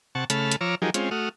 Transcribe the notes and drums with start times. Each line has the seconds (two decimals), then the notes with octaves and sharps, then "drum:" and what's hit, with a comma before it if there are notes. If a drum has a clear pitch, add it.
0.15 C3 F#5 A5 C#6
0.30 C#3 A3 A5 B5 F6, drum: hi-hat
0.52 drum: hi-hat
0.61 F3 C#5 A#5 D6 E6 F6
0.82 F3 F#3 D#4 G4 G#4 A#4
0.94 G#3 C4 C#4 F4, drum: hi-hat
1.11 A3 F#4 D#6 F6